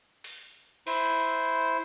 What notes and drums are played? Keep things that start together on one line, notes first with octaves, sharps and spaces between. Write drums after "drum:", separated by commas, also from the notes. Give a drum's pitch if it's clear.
drum: open hi-hat
E4 C5, drum: cymbal